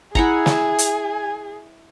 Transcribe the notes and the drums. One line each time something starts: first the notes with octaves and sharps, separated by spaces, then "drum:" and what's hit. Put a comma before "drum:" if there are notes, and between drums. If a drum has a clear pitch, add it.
E4 G#4 F#5 G#5 A#5, drum: kick
drum: snare
drum: hi-hat